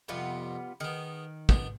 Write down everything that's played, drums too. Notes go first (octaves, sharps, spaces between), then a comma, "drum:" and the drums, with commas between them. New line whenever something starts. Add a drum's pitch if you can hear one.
F2 C3 G3 B3 F4
D#3 B3 G#4
B3 D4, drum: kick